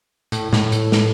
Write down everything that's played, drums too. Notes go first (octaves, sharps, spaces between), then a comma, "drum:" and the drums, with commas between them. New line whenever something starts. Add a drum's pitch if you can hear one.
A2, drum: hi-hat
A2, drum: snare
drum: hi-hat
drum: snare